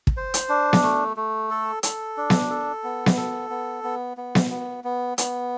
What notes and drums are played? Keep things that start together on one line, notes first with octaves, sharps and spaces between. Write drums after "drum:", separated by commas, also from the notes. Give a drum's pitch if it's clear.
drum: kick
C5
drum: hi-hat
D4
drum: snare B3
A3
A3
A4
A4, drum: hi-hat
D4
drum: snare B3
A4
B3
drum: snare B3
A4
B3
B3
B3
drum: snare B3
B3
B3
B3, drum: hi-hat